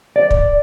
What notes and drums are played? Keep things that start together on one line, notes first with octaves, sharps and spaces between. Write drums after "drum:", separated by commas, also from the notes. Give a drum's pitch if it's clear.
D5
drum: kick